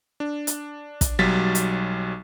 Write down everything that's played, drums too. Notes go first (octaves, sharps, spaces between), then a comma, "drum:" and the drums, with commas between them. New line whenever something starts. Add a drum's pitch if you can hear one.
D4
drum: hi-hat
drum: kick, hi-hat
B1 F#3 G3 A6 B6
drum: hi-hat